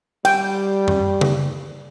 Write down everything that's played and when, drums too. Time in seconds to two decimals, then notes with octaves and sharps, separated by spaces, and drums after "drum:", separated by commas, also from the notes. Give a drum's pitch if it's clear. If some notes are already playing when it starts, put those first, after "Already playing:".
0.25 G3 G5, drum: cymbal
0.88 drum: tom F#2
1.21 drum: tom C#3